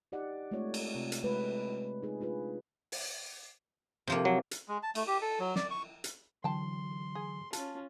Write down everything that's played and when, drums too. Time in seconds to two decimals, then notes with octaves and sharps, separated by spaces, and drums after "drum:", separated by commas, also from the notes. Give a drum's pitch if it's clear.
0.12 D#4 G4 D5 D#5 F#5
0.51 G#3 A3 C4 F4 C#5 D5
0.74 drum: cymbal
0.95 C3 C4 F4
1.12 drum: hi-hat
1.23 G#3 A3 B4
2.03 D#4 G#4
2.20 D4 F4 G#4 B4
2.92 drum: open hi-hat
4.07 C3 F3 A#3
4.25 F#3
4.51 drum: hi-hat
4.68 G#3
4.83 A5
4.95 A3, drum: cymbal
5.07 G4
5.22 A4
5.40 F#3
5.56 D5, drum: snare
5.70 C#6
6.04 drum: hi-hat
6.44 D3 E3 F#3 G5 A5 C6
7.15 G#4
7.53 C#4 F4 A5, drum: hi-hat